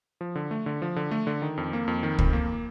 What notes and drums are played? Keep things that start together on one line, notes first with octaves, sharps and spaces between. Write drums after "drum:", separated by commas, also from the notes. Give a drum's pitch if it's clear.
F3
D3
A3
D3
F3
D3
A3
D3
D#3
F2
A#3
F2
D#3
F2, drum: kick
A#3